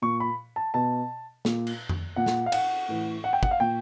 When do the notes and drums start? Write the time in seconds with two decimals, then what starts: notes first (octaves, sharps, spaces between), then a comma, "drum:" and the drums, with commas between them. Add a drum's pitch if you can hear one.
0.02 A#2 C#6
0.20 B5
0.56 A5
0.74 B2 A5
1.45 A#2, drum: snare
1.67 drum: cymbal
1.89 drum: tom F2
2.16 A#2 F#5
2.26 drum: snare
2.46 F5
2.52 F#5, drum: cymbal
2.89 A2 E3
3.24 F#5
3.33 G5
3.43 F#5, drum: kick
3.51 F5
3.60 A#2 G5